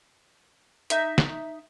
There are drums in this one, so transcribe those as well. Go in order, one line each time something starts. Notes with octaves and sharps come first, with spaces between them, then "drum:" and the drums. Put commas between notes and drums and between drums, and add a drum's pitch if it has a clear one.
D#4 E5 G6, drum: hi-hat
drum: snare